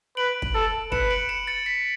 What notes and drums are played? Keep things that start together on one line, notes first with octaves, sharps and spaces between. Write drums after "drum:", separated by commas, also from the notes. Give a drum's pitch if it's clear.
B4 D7 F#7
drum: kick
A4
B4 C#7 E7, drum: kick
D7 F#7
C#7 E7
A6 C#7
B6